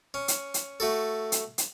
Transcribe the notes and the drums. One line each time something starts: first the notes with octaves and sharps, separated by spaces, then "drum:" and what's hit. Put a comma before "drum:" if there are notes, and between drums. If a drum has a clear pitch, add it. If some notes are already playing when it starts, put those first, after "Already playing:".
C#4
drum: hi-hat
drum: hi-hat
A3 F#4 A4
drum: hi-hat
drum: hi-hat